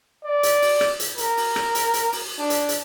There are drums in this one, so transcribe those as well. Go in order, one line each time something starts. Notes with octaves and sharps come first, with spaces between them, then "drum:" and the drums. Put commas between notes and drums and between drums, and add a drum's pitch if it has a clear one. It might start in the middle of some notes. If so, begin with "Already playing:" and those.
D5
drum: hi-hat
drum: open hi-hat
drum: rim click
drum: hi-hat
A#4, drum: hi-hat
drum: open hi-hat
drum: rim click
drum: hi-hat
drum: hi-hat
drum: open hi-hat
D4
drum: hi-hat
drum: hi-hat